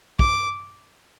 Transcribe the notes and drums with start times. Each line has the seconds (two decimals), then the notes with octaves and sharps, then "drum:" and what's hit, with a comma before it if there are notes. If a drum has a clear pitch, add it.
0.19 D6, drum: kick